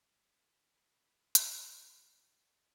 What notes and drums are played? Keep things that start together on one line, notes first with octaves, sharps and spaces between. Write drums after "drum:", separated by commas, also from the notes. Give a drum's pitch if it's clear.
B5 C6
drum: hi-hat